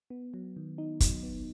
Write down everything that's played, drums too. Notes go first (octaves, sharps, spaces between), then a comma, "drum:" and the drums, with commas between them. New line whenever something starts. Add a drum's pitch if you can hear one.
B3
F#3
D#3
D#4
F#3, drum: kick, hi-hat
B3